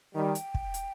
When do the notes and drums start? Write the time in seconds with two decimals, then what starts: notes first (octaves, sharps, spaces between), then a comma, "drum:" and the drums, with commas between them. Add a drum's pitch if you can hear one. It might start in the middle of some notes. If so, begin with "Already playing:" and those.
0.15 D#3 G3 G5
0.35 drum: hi-hat
0.54 drum: kick
0.74 drum: hi-hat